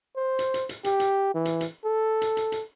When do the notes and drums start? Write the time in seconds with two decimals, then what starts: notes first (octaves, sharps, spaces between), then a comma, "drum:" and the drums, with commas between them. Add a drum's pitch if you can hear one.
0.16 C5
0.39 drum: hi-hat
0.54 drum: hi-hat
0.69 drum: hi-hat
0.84 G4, drum: hi-hat
1.00 drum: hi-hat
1.34 E3
1.45 drum: hi-hat
1.61 drum: hi-hat
1.84 A4
2.22 drum: hi-hat
2.37 drum: hi-hat
2.52 drum: hi-hat